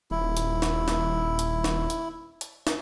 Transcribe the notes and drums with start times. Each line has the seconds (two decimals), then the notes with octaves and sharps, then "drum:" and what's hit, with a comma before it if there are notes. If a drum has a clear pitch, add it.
0.11 D#1 E4
0.37 drum: hi-hat
0.62 drum: snare
0.88 drum: snare
1.39 drum: hi-hat
1.64 drum: snare
1.90 drum: hi-hat
2.41 drum: hi-hat
2.67 drum: snare